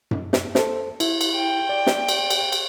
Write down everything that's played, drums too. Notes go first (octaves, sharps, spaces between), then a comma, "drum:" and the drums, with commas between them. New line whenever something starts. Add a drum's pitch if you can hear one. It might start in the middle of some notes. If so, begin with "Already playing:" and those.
drum: tom F#2
drum: snare
A4 C5, drum: snare
E4, drum: cymbal
drum: cymbal
G5
D5
drum: snare
drum: cymbal
drum: cymbal
drum: cymbal